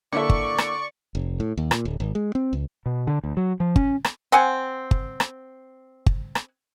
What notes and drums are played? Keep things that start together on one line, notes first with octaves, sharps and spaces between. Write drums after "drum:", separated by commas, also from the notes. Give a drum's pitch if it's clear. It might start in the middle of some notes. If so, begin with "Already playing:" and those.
D3 A#3 E4 A4 D5 E5 C#6
drum: kick G1
drum: rim click
F1
A2
D#2
A#2, drum: rim click
D1
G#1
G#3
C4
C#2
B2
D3
D2
F#3
F3
C#4, drum: kick G1
drum: rim click
C4 F#5 G#5
drum: kick G1
drum: rim click
drum: kick G1
drum: rim click